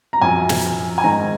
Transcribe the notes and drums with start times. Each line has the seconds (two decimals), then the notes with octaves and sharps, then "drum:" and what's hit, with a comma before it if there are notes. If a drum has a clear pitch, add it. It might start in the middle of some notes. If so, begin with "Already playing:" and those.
0.13 A#5
0.21 F#2 F3 G#5
0.49 drum: snare
0.98 G#5
1.04 G#2 D#3 A#5